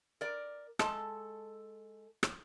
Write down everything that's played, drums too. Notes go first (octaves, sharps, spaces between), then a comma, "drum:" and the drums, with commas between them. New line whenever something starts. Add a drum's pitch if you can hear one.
A#4 D5
G#3 A4 A5, drum: rim click
drum: rim click